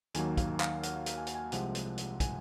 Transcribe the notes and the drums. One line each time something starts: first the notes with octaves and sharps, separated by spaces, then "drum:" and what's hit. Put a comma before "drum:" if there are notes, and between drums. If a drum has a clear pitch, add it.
D#2 D#3 F#3 A#3 G#5, drum: hi-hat
F5, drum: kick, hi-hat
F5, drum: clap
F#5, drum: hi-hat
drum: hi-hat
G#5
F#5, drum: hi-hat
G#5
C2 C3 F3 G#3 F#5, drum: hi-hat
drum: hi-hat
drum: hi-hat
G#5, drum: kick, hi-hat